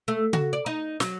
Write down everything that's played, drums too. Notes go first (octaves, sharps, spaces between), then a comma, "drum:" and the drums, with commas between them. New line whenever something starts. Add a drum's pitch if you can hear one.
A3
F#4, drum: tom C#3
D5
D#4
F#3, drum: snare